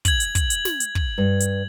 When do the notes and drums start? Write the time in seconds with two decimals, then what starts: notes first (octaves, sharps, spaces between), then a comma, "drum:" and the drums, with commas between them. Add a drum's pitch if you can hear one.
0.05 G#6 F#7, drum: kick, hi-hat
0.20 drum: hi-hat
0.35 drum: kick, hi-hat
0.50 drum: hi-hat
0.65 drum: snare
0.80 drum: hi-hat
0.95 drum: kick
1.18 G2
1.40 drum: hi-hat